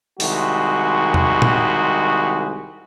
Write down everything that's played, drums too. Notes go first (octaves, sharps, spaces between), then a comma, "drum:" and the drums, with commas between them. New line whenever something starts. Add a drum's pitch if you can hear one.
C2 D#3 G#3 F#4, drum: open hi-hat
drum: tom
drum: tom A#2